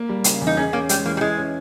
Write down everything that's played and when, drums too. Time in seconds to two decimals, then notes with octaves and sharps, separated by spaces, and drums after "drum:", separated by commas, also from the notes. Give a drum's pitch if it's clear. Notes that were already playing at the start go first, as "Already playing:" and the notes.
Already playing: A#3
0.09 G3
0.24 C#3, drum: hi-hat
0.41 E2
0.47 D#4
0.57 C#4 G#4
0.73 A#3 C#4
0.89 G3 G#3, drum: hi-hat
1.05 E3 A#3
1.17 G3
1.21 G#3 E4
1.38 C#4